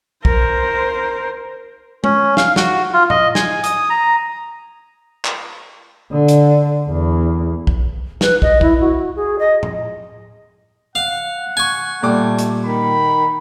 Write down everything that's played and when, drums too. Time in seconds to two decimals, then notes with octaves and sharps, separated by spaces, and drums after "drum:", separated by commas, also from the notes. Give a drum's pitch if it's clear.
0.25 A#4 C5, drum: kick
2.04 C#4, drum: tom G#3
2.37 F5, drum: snare
2.56 F#4, drum: snare
2.93 F4
3.10 D#5, drum: tom A2
3.35 G#5, drum: snare
3.64 D#6, drum: hi-hat
3.90 A#5
5.25 drum: clap
6.11 D3
6.28 drum: hi-hat
6.89 E2
7.67 drum: kick
8.21 B4, drum: snare
8.42 D#5, drum: kick
8.61 E4, drum: kick
8.80 F#4
9.16 G#4
9.39 D#5
9.63 drum: tom A2
10.95 F5 F#5
11.57 G#5 C#6
12.03 A#2 G3 A3 D6
12.39 drum: hi-hat
12.65 D#3 B5